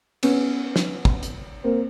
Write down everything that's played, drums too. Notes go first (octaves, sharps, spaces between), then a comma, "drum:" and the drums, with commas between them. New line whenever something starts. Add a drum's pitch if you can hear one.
B3 C#4, drum: cymbal
drum: snare
drum: kick
drum: hi-hat
A#3 C4